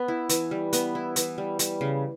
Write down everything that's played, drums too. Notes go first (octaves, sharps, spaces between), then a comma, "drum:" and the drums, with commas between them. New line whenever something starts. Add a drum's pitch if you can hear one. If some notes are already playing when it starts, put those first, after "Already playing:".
Already playing: B3
E4
E3, drum: hi-hat
G3
B3, drum: hi-hat
E4
E3, drum: hi-hat
G3
G3, drum: hi-hat
C#3